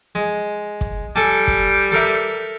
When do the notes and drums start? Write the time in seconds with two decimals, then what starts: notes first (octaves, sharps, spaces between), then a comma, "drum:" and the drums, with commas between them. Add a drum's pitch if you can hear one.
0.15 G#3
0.81 drum: kick
1.16 G3 A4 G#5 A5
1.47 drum: kick
1.92 A4 A#4 E5